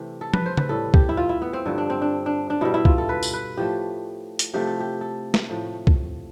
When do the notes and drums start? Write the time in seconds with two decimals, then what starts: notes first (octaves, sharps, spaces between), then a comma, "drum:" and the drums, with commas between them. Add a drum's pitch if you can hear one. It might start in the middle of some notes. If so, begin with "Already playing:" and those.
Already playing: C3 E3 A3 G4
0.21 A4
0.34 B4, drum: tom F3
0.46 C5
0.57 B4, drum: tom C#3
0.69 A2 G3 A4
0.94 G4, drum: kick
1.09 E4
1.17 F4
1.29 E4
1.42 B3
1.53 C4
1.66 G2 D3 F3
1.78 D4
1.90 C4
2.02 D4
2.26 D4
2.50 D4
2.61 B2 G3 E4
2.74 E4
2.85 F4, drum: kick
2.98 A4
3.09 B4
3.23 drum: tambourine
3.34 B4
3.57 A2 F3 A3 G4
4.39 drum: hi-hat
4.54 C3 F3 A3 G4
4.67 A4
4.80 G4
5.01 A4
5.34 drum: snare
5.49 A2 F3 A3
5.87 drum: kick